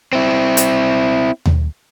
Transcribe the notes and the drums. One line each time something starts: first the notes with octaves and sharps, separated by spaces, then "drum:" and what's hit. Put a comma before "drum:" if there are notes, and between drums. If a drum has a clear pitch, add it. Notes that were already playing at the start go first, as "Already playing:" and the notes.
C4 E4
drum: hi-hat
drum: tom D#2